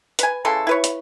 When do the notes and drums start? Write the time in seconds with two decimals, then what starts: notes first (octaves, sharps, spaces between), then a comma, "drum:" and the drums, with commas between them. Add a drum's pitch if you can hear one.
0.19 B4 G#5, drum: hi-hat
0.45 C#3 E3 A4 C6
0.67 E4 B4 C#5
0.84 drum: hi-hat